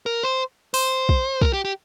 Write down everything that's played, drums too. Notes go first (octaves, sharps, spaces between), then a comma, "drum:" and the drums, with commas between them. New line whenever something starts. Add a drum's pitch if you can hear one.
A#4
C5
C5, drum: open hi-hat
drum: kick
A#4, drum: kick
G4
G4